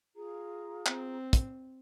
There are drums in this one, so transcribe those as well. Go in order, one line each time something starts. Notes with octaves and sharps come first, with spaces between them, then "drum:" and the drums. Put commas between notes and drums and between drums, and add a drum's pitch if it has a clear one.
F4 G#4 A#5
C4, drum: clap
drum: kick, hi-hat